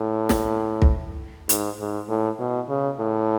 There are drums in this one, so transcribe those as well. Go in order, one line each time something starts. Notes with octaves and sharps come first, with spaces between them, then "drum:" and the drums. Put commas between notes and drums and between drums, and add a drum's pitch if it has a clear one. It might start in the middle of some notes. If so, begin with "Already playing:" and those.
Already playing: A2
drum: snare
drum: kick
G#2, drum: hi-hat
G#2
A2
B2
C#3
A2